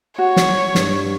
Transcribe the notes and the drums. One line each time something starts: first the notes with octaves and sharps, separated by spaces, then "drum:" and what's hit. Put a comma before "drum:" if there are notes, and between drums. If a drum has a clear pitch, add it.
F#4 C#5
drum: snare
G2, drum: snare